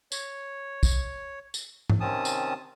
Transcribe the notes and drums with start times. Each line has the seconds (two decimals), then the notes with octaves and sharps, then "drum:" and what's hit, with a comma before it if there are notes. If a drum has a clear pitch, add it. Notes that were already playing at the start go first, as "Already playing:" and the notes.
0.12 C#5, drum: tambourine
0.83 drum: kick, tambourine
1.54 drum: tambourine
1.90 drum: tom G#2
2.00 C3 D#3 C4 C#4 A5 D#6
2.25 drum: tambourine